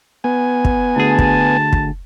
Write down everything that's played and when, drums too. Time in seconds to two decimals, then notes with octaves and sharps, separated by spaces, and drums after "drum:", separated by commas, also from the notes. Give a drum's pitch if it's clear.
0.24 B3 G#5
0.65 drum: kick
0.97 D2 G#4 A5
1.19 drum: kick
1.73 drum: kick